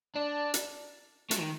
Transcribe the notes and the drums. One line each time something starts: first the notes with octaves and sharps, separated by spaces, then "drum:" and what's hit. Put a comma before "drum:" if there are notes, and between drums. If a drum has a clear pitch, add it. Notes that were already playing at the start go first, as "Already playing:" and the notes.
D4
drum: hi-hat
A3, drum: hi-hat
D#3